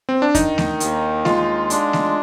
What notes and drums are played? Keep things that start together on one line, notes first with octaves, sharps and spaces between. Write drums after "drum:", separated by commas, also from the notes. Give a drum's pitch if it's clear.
C4
D4
D#3 D#4, drum: kick E2, hi-hat
drum: snare A3
D#2, drum: hi-hat
G#3 F4, drum: snare A3
D4, drum: hi-hat
drum: snare A3